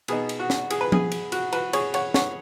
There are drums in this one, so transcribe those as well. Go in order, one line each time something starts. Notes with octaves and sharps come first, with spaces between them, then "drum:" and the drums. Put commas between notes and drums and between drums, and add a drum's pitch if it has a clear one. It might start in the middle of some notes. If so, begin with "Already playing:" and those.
B2 B3 D#4 G#4, drum: cymbal
drum: cymbal
F#4
drum: snare
G#4, drum: cymbal
B4
G#4, drum: tom F3
drum: cymbal
F#4, drum: cymbal
F#4 B4, drum: cymbal
G#4 C#5, drum: cymbal
C#5 F#5, drum: cymbal
C#5 F#5, drum: snare